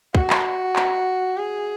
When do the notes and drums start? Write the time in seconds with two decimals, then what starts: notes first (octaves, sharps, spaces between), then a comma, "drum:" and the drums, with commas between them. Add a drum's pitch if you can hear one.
0.15 F#4, drum: kick
0.30 drum: clap
0.76 drum: clap
1.37 G#4